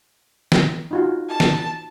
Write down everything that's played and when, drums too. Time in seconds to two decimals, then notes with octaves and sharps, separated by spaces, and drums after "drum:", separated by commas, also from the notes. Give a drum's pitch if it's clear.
0.52 drum: snare
0.91 D#4 F4 F#4
1.29 A5
1.40 drum: snare